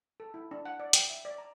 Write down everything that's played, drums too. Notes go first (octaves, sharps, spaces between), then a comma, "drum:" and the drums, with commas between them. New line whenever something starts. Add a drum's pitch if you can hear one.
A4
E4
D4
F#5
D5
G5, drum: hi-hat
E5
D5
A#5